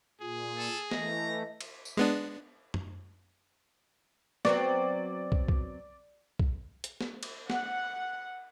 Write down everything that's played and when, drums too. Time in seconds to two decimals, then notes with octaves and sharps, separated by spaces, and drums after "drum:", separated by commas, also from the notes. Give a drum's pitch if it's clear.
0.21 A#2 F4 G#4
0.58 A4
0.91 E3 A3 D#5 A#5, drum: snare
1.61 drum: cymbal
1.85 drum: tambourine
1.97 G#3 B3 D4
2.74 drum: tom F#2
4.45 F#3 B3 C4 D5, drum: snare
5.32 drum: kick
5.48 drum: kick
6.39 drum: kick
6.84 drum: hi-hat
7.01 drum: snare
7.23 drum: cymbal
7.50 F#5, drum: snare